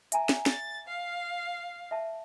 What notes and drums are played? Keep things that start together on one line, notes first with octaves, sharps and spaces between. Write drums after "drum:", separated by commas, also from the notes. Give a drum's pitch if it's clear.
E5 G#5 A#5, drum: hi-hat
drum: snare
A6, drum: snare
F5
E5 A5